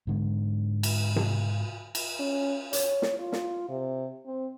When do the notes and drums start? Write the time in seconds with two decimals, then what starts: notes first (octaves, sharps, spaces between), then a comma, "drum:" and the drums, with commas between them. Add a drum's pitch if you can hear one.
0.07 G#2 D3 G#3
0.83 drum: cymbal
1.16 drum: tom C3
1.95 drum: cymbal
2.20 C#4
2.73 C#5, drum: hi-hat
3.02 drum: snare
3.19 F4
3.32 drum: snare
3.69 C3
4.26 C4